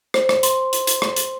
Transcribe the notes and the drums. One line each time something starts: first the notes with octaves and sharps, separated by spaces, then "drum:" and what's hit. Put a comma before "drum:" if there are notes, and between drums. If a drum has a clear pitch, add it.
C5, drum: rim click
drum: rim click
C6, drum: hi-hat
drum: hi-hat
drum: hi-hat
drum: rim click
drum: hi-hat